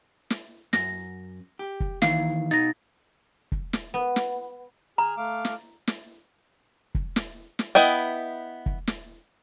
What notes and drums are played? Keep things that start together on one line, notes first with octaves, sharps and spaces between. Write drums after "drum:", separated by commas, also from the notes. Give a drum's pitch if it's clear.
drum: snare
F#2 A#6, drum: snare
G4
drum: kick
D#2 D#3 E3 F5, drum: snare
B2 D#4 A6 A#6
drum: kick
drum: snare
B3
drum: snare
G#4 A#5 F6
A3 F5 D6
drum: snare
drum: snare
drum: kick
drum: snare
drum: snare
B3 E4 D#5 G5
drum: kick
drum: snare